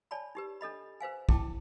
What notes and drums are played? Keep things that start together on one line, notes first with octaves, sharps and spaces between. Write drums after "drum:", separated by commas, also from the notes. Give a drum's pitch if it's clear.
C#5 D5 G#5 A5 B5
D#4 G4 B4
D4 A4 D#5 B5
B4 C5 F5 G#5
E4 G5 A5 D6, drum: kick